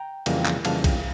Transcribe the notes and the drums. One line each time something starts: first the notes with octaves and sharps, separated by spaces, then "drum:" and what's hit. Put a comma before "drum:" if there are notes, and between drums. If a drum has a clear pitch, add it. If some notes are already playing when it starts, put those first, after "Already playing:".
Already playing: G5 A#5
F2 C#3 E3 G3 A#3, drum: cymbal
drum: clap
F2 C#3 E3 G3 A#3 F5 A5, drum: cymbal
drum: kick A#1, cymbal